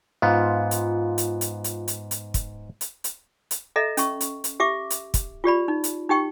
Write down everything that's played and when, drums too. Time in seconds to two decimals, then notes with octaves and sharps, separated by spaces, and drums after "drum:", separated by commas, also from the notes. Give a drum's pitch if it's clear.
0.22 G#2 B3 F4
0.71 drum: hi-hat
1.18 drum: hi-hat
1.41 drum: hi-hat
1.64 drum: hi-hat
1.88 drum: hi-hat
2.11 drum: hi-hat
2.34 drum: kick, hi-hat
2.81 drum: hi-hat
3.04 drum: hi-hat
3.51 drum: hi-hat
3.76 A4 D#5 E5 A#5
3.97 C#4 C#6, drum: hi-hat
4.21 drum: hi-hat
4.44 drum: hi-hat
4.60 G4 E5 D6
4.90 drum: hi-hat
5.14 drum: kick, hi-hat
5.44 F4 G4 D5 B5
5.68 D#4
5.84 drum: hi-hat
6.09 D#4 G4 G5 C#6